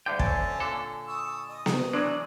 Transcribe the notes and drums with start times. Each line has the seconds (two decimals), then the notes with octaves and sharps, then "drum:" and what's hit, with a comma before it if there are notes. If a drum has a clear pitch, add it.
0.06 D2 G2 D3 G5
0.19 C4 C#4 G#5 A5, drum: kick
0.60 A#2 D3 A4
1.07 C#6 D#6 E6
1.49 D#5
1.66 drum: snare B3
1.93 E3 F#3 G#3 D4 D5